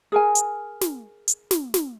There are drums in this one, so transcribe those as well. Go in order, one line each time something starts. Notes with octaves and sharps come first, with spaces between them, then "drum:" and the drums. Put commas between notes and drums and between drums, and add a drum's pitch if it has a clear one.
G#4 A#4 G#5
drum: hi-hat
drum: snare
drum: hi-hat
drum: snare
drum: snare